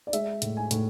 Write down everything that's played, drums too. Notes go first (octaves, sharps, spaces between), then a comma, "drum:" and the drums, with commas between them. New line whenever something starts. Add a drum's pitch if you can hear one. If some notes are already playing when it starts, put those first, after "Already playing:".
D5
G#3 E5, drum: hi-hat
A2, drum: hi-hat
G#5
A2, drum: hi-hat